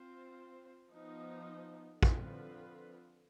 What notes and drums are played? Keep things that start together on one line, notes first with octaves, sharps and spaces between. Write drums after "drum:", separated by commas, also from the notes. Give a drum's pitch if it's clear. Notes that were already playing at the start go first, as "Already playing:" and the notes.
Already playing: C4 F4 C5
F3 B3 D#4
D3 F3 C4 F4 B4, drum: kick